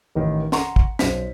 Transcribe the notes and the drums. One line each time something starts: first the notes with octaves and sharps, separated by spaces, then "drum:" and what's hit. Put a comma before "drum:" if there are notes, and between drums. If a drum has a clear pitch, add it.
A1 D#3
F#5 A#5 C6 C#6, drum: snare
drum: kick
B1 C5 B6, drum: snare